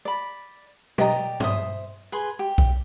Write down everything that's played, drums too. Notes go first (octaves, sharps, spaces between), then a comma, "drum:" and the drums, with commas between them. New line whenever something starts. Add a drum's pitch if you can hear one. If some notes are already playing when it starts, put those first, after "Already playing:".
D5 B5
G4 D5 D#5 A#5, drum: tom
C5 E5 D#6, drum: tom G2
G#4 B4 G#5 C6
G4
drum: kick B1